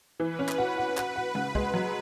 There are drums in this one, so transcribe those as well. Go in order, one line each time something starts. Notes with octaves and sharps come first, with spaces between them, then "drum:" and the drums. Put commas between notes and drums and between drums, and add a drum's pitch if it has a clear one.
E3 B4
C#4
drum: clap
F#4
F#4
F#4, drum: clap
F#4
C#3, drum: tom G#3
G#3, drum: kick
F#3